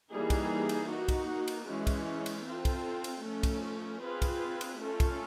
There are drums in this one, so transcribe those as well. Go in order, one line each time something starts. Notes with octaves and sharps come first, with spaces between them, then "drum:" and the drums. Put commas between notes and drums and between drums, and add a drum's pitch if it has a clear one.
E3 G3 A#3 D#4 G#4
drum: kick, cymbal
drum: cymbal
A#3 D#4 F#4
drum: kick, cymbal
drum: cymbal
E3 G#3 C#4
drum: kick, cymbal
drum: cymbal
C4 F4 A4
drum: kick, cymbal
drum: cymbal
F3 A3 C#4
drum: kick, cymbal
C4 F4 G#4 B4
drum: kick, cymbal
drum: cymbal
A3 C#4 F4 A4
drum: kick, cymbal